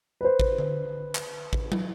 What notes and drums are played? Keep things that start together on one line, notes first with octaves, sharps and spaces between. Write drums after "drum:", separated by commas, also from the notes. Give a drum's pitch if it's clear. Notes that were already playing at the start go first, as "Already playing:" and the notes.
B4 C5
drum: kick A1
drum: tom D3
drum: clap
drum: kick A1
drum: tom